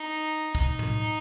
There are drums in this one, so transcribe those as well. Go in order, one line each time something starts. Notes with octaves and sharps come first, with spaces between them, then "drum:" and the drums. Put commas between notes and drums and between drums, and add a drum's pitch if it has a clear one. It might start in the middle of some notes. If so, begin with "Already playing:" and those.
Already playing: D#4
D#4, drum: kick
drum: tom A2